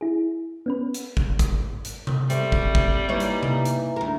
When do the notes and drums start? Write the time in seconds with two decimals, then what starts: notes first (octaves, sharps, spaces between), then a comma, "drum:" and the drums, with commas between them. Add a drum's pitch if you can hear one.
0.01 E4 G#4
0.66 B3 C#4 B4
0.94 drum: hi-hat
1.17 drum: kick
1.39 drum: kick, hi-hat
1.85 drum: hi-hat
2.07 drum: tom C3
2.30 G3 A3 C4, drum: hi-hat
2.52 drum: kick
2.75 drum: kick
3.09 E3 A#3 D#4 C#5
3.20 drum: hi-hat
3.43 drum: tom C3
3.65 drum: hi-hat
3.96 D2 A#4